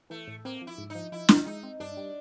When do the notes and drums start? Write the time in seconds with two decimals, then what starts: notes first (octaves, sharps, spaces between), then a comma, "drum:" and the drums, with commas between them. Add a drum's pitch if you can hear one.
0.10 E3 A3
0.28 A2
0.45 A#3 C4
0.62 F3
0.67 E4
0.78 G#2
0.90 D#4
0.95 F3
1.12 F3 E4
1.29 F3, drum: snare
1.46 G#3 D#4
1.63 C4
1.80 G2 D4
1.97 G3